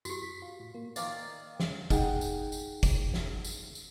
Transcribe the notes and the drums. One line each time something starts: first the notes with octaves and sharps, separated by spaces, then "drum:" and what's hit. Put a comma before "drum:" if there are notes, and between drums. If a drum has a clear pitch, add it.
F#2 F#4 G4, drum: tambourine
B6
F4
A2
A#3
D#3 A#4 D5 F5, drum: tambourine
drum: snare
D#4 G#4 F#5 G5, drum: kick, tambourine
drum: tambourine
drum: tambourine
drum: kick, tambourine
drum: snare
drum: tambourine
drum: tambourine